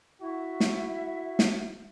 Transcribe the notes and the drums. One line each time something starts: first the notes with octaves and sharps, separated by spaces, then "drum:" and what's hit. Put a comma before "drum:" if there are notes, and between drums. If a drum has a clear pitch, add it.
E4 F#4 E5
drum: snare
drum: snare